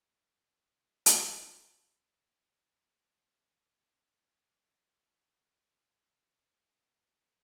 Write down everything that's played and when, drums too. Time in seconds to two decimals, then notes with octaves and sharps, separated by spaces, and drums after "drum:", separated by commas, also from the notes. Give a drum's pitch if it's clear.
0.24 C#3 C5
1.06 drum: hi-hat
2.75 G#3 G4 F5
5.70 B3
5.97 E4
6.12 B3
6.27 D#5
6.39 F#2
6.59 C4
6.79 D#4
7.07 G2
7.26 G4